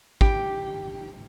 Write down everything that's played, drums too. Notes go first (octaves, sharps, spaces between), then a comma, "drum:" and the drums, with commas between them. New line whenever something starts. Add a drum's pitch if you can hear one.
G4, drum: kick